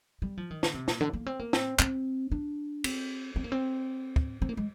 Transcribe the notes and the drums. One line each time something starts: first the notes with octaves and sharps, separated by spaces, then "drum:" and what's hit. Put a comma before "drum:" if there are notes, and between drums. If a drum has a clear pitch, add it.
G3
F3
D#3
D3, drum: snare
C3
A#2, drum: snare
D3
A#3
C4
A#3
C4, drum: snare
C4, drum: clap
D4
C4, drum: cymbal
C4
A#3
C4
drum: kick
C4
A#3
G#3